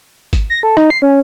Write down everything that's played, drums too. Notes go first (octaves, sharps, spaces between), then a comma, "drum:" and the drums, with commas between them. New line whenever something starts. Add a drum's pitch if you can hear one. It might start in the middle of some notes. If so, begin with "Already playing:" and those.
drum: kick G#1, hi-hat
A#6
A4
D#4, drum: rim click
C7
C#4